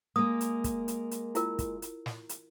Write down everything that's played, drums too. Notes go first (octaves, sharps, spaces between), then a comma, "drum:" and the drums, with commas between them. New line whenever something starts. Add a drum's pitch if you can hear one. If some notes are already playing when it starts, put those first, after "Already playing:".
G#3 A#3 D#6
drum: hi-hat
drum: kick, hi-hat
drum: hi-hat
drum: hi-hat
E4 F4 A#4, drum: hi-hat
drum: kick, hi-hat
drum: hi-hat
drum: snare
drum: hi-hat